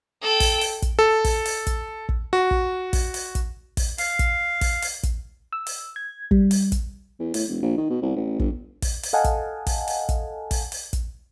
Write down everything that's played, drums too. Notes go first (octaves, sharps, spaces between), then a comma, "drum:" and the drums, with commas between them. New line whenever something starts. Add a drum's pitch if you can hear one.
A4 G5
drum: kick, open hi-hat
drum: open hi-hat
drum: kick, hi-hat
A4
drum: kick, open hi-hat
drum: open hi-hat
drum: kick, hi-hat
drum: kick
F#4
drum: kick
drum: kick, open hi-hat
drum: open hi-hat
drum: kick, hi-hat
drum: kick, open hi-hat
F5, drum: open hi-hat
drum: kick, hi-hat
drum: kick, open hi-hat
drum: open hi-hat
drum: kick, hi-hat
E6
drum: open hi-hat
G#6
G3, drum: kick
drum: open hi-hat
drum: kick, hi-hat
E2
A2, drum: open hi-hat
E1
A#1
D#3
B2
C2
A1
G1, drum: kick
drum: kick, open hi-hat
drum: open hi-hat
A4 D#5 F5 F#5 G#5 A5
drum: kick, hi-hat
drum: kick, open hi-hat
drum: open hi-hat
drum: kick, hi-hat
drum: kick, open hi-hat
drum: open hi-hat
drum: kick, hi-hat